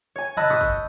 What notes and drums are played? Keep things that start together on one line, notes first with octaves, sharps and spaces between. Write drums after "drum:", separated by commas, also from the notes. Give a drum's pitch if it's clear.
C#5 G#5
D#5 A5 B5 E6 F#6, drum: tom
C#6 D#6 E6 F#6 G6 B6
drum: kick